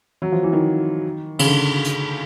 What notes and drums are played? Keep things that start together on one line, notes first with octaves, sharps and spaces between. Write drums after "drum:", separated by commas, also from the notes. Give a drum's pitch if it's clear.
F#3
F3
E3
D#3
C#3, drum: cymbal
D3
drum: hi-hat